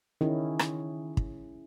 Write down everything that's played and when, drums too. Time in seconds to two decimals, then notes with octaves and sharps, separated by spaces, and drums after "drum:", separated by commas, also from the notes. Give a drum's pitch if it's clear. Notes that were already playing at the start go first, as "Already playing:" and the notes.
0.21 D#3 C#4 E4 G#4
0.59 drum: rim click
1.17 drum: kick